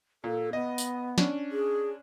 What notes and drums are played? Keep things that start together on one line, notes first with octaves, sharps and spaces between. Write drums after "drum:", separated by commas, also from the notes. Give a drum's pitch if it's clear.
A#2 A4
B3 D#5
drum: tambourine
C#4 D4, drum: snare
G#4